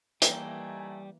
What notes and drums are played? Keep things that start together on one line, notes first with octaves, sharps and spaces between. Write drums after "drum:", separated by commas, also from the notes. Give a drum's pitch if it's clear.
E3 G3 A3 A#3 D#4 G5 G#5, drum: hi-hat